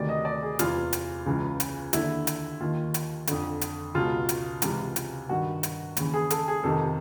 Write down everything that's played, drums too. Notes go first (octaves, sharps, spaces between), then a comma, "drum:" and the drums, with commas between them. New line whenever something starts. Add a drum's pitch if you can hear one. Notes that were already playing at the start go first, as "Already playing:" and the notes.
Already playing: D2 C3 D#3 D5
D#5
D5
G#4
E2 C3 E3 F4, drum: hi-hat
drum: hi-hat
C#2 C#3 E3
drum: hi-hat
D#2 D3 E4, drum: hi-hat
drum: hi-hat
D#2 D#3 F4
drum: hi-hat
F2 D3, drum: hi-hat
drum: hi-hat
C#2 B2 F4
drum: hi-hat
C#2 C3 E3, drum: hi-hat
drum: hi-hat
G2 D#3 F#4
drum: hi-hat
D#2 C#3 E3, drum: hi-hat
G#4
A4, drum: hi-hat
G#4
F2 C3 D#3 A4